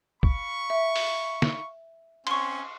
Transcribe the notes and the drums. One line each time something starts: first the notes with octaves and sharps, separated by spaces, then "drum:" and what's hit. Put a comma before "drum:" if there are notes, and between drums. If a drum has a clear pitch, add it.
F5 B5 C#6, drum: kick
E5
drum: open hi-hat
drum: snare
C4 C#4 C6 C#6, drum: cymbal